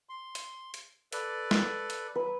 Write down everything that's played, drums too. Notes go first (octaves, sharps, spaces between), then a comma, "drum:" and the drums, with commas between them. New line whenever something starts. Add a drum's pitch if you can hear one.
C6
drum: hi-hat
drum: hi-hat
A4 B4 D5, drum: hi-hat
drum: snare
drum: hi-hat
F#3 B4